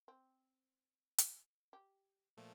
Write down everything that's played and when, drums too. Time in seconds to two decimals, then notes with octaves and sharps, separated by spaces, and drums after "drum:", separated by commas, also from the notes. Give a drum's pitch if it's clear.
0.08 C4
1.18 drum: hi-hat
1.73 G4
2.37 A#2 F3 A3